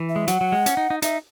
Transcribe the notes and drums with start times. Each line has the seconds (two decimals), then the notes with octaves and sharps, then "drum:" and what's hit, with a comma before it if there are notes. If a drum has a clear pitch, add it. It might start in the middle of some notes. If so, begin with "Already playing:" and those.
Already playing: E3
0.09 E5
0.16 G#3
0.28 F#3 F#5, drum: hi-hat
0.41 F#3
0.52 G#3
0.66 C#4, drum: hi-hat
0.77 D#4
0.90 D#4
1.02 D#4 E5, drum: hi-hat